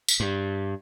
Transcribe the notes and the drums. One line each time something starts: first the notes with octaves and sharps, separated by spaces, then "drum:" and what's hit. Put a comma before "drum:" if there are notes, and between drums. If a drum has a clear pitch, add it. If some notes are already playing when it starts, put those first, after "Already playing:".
drum: tambourine
G2